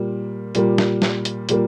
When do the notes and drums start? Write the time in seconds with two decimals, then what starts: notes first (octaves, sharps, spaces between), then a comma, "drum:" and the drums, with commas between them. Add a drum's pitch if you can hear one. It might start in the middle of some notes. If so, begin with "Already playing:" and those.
Already playing: A#2 G3 A#3
0.55 A#2 G3 A#3, drum: hi-hat
0.78 drum: snare
1.02 drum: snare
1.25 drum: hi-hat
1.49 A#2 G3 A#3, drum: hi-hat